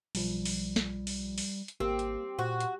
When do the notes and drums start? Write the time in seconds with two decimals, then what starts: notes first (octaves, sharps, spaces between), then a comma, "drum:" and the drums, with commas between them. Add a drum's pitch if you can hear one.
0.15 B1 F3 G3, drum: open hi-hat
0.45 drum: open hi-hat
0.76 drum: snare
1.07 drum: open hi-hat
1.38 drum: open hi-hat
1.68 drum: hi-hat
1.80 G#1 A#3 C4 G4
1.99 drum: hi-hat
2.39 A#2 F#4 C5
2.60 drum: hi-hat